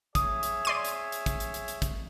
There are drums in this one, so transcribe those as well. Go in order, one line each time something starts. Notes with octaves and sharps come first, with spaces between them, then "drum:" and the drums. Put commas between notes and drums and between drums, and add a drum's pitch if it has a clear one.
G#4 C#5 E5 D#6, drum: kick, hi-hat
drum: hi-hat
D5 C6 D#7
drum: hi-hat
drum: hi-hat
drum: kick, hi-hat
drum: hi-hat
drum: hi-hat
drum: hi-hat
drum: kick, hi-hat